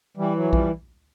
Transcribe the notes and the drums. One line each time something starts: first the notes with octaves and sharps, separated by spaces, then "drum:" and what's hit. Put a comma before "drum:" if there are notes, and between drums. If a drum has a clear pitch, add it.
E3 G3
F#3
F2
G3, drum: kick A#1